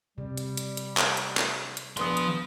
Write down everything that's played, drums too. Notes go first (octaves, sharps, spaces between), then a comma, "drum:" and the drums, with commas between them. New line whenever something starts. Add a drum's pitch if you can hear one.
C3 G3
drum: hi-hat
drum: hi-hat
drum: hi-hat
drum: clap
drum: hi-hat
drum: clap
drum: hi-hat
A#1 F3 B3 C6 D#6, drum: hi-hat
drum: hi-hat